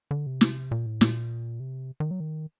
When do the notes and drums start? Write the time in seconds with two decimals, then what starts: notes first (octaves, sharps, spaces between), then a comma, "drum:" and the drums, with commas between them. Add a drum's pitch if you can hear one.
0.11 D3
0.27 C3
0.41 drum: snare
0.71 A#2
0.86 A2
1.01 A#2, drum: snare
1.60 C3
2.00 D#3
2.11 F#3
2.20 D#3